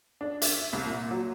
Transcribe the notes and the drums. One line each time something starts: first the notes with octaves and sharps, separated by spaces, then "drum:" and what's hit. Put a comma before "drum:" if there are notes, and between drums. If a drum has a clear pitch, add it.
D4
E5, drum: hi-hat
C2
A#2
F#3